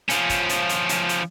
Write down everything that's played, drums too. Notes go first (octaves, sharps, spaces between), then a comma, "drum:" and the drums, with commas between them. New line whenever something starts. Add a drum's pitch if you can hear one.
F3 C#4, drum: hi-hat
drum: kick, hi-hat
drum: hi-hat
drum: hi-hat
drum: hi-hat
drum: hi-hat